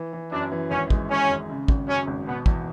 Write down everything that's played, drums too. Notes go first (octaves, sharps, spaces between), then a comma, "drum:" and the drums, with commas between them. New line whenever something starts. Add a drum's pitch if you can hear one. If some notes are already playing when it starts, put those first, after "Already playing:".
Already playing: E3
E3
F#2 D4
E3
G#1 C#4
G#3, drum: kick
G#3 C#4
G#1
C#3
G#1, drum: kick
F#2 C#4
G#1
B2 B3
E2, drum: kick